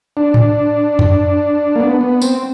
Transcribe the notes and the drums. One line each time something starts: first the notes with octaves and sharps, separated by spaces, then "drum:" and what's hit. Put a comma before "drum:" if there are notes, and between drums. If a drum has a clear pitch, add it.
D4
drum: tom A2
drum: tom F2
A#3
B3
B3
C4, drum: tambourine